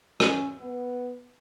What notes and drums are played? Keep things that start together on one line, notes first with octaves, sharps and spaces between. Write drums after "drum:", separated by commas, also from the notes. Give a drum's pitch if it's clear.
C#4, drum: rim click
B3